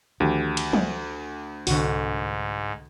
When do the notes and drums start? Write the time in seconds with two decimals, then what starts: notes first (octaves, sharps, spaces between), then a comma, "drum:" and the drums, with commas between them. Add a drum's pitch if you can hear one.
0.20 D2 D#3 F3 G4
0.57 drum: cymbal
0.73 drum: tom
1.67 C2 G#2 D3 F#4, drum: open hi-hat